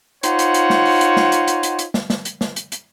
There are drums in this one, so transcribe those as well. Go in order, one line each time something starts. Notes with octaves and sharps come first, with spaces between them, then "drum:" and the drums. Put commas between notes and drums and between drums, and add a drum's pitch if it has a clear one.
D#4 F4 C5 C#5 F#5, drum: hi-hat
drum: hi-hat
drum: hi-hat
drum: snare
drum: open hi-hat
drum: hi-hat
drum: snare
drum: hi-hat
drum: hi-hat
drum: hi-hat
drum: hi-hat
drum: snare
drum: snare
drum: hi-hat
drum: snare
drum: hi-hat
drum: hi-hat